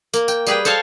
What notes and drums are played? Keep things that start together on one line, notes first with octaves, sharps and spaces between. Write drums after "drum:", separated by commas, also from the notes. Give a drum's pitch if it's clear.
A#3, drum: tambourine
G5, drum: tambourine
G3 G#4 B4 G5, drum: tambourine
A4 C5 C#5 F5 A5, drum: tambourine